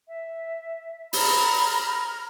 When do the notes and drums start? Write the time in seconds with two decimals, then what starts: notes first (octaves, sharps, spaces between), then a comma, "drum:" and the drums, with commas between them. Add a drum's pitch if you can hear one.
0.08 E5
1.13 A#5 B5 F6, drum: open hi-hat